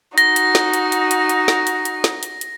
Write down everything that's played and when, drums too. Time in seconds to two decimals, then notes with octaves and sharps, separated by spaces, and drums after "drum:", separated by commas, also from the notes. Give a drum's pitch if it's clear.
0.18 D#4 F#4 A#6, drum: hi-hat
0.36 drum: hi-hat
0.55 drum: snare
0.74 drum: hi-hat
0.92 drum: hi-hat
1.11 drum: hi-hat
1.29 drum: hi-hat
1.48 drum: snare
1.67 drum: hi-hat
1.85 drum: hi-hat
2.04 drum: snare
2.23 drum: hi-hat
2.41 drum: hi-hat